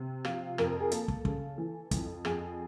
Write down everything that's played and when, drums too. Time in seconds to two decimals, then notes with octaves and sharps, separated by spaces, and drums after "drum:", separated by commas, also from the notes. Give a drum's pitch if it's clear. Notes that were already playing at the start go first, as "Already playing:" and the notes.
Already playing: C3
0.25 F3 F4, drum: rim click
0.58 F2 A#4, drum: rim click
0.80 G#4
0.92 A#3 A4, drum: hi-hat
1.08 drum: kick
1.25 C#3, drum: kick
1.58 E3
1.91 F2, drum: kick, hi-hat
2.25 F2 G#4, drum: rim click